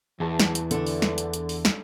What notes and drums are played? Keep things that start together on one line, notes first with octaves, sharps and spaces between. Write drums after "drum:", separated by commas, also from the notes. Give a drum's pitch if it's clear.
E2 E3 G#4 A5
drum: snare
drum: hi-hat
D3 A3 D4, drum: hi-hat
drum: open hi-hat
drum: snare
drum: hi-hat
drum: hi-hat
drum: open hi-hat
drum: snare